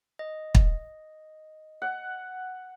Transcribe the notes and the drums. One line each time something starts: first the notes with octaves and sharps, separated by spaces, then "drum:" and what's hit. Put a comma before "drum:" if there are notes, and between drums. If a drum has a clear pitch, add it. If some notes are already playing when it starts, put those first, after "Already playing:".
D#5
drum: kick
F#5